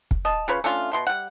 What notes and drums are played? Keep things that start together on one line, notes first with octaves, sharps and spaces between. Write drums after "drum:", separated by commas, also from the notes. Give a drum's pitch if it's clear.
drum: kick
D#5 A5
C#3 F4 B4 C#5
A3 C#4 D4 F4
B2 C6
G3 F#5